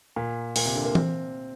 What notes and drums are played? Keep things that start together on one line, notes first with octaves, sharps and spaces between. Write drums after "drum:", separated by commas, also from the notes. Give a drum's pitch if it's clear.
A#2
A#2, drum: open hi-hat
C3
D3
A#3
C4, drum: tom E3